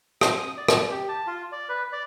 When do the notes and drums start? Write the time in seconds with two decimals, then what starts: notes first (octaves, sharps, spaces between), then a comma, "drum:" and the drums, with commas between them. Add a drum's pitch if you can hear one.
0.21 C5, drum: rim click
0.35 D#6
0.57 D5
0.68 drum: rim click
0.91 G4
1.09 A5
1.27 F4
1.52 D5
1.69 B4
1.92 D5